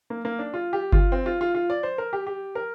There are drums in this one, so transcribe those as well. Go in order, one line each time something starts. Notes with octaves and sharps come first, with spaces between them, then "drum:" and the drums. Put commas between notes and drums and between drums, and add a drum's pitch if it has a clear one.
A#3
A#3
D4
F4
G4
F4, drum: kick G1
C4
F4
F4
F4
D5
C5
A#4
G4
G4
A#4